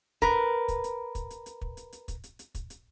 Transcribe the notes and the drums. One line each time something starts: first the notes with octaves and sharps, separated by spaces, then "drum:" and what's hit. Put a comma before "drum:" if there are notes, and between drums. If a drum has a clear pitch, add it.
A#4 B4, drum: kick
drum: kick, hi-hat
drum: hi-hat
drum: kick, hi-hat
drum: hi-hat
drum: hi-hat
drum: kick
drum: hi-hat
drum: hi-hat
drum: kick, hi-hat
drum: hi-hat
drum: hi-hat
drum: kick, hi-hat
drum: hi-hat